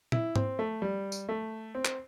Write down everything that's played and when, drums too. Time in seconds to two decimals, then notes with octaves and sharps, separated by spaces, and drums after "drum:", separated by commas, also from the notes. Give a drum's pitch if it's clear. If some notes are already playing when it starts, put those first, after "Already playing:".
0.12 E4, drum: tom A#2
0.36 C4, drum: tom G#2
0.59 A3
0.82 G3
1.12 drum: tambourine
1.29 A3
1.75 C4
1.85 drum: clap